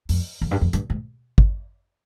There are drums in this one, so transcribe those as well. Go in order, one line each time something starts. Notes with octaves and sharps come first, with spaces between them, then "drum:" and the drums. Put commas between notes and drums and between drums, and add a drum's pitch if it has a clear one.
F2, drum: open hi-hat
F2
G2
F2
G2, drum: hi-hat
G#2
drum: kick